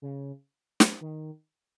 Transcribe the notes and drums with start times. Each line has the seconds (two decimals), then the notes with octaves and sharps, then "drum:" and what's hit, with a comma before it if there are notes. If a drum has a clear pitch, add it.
0.02 C#3
0.80 drum: snare
1.01 D#3